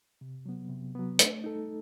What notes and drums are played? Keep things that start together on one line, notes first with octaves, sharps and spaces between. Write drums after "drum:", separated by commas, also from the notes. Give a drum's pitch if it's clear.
C3
F#3 B3
C3
F#3 B3
A3, drum: hi-hat
D#4 A4